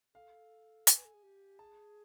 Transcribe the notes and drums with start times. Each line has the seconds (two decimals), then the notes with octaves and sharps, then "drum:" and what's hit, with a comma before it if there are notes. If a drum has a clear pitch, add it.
0.15 A4 F5
0.87 A#4 G#5, drum: hi-hat
0.96 B4
1.05 A4
1.14 G#4
1.23 G4
1.59 G#4 A5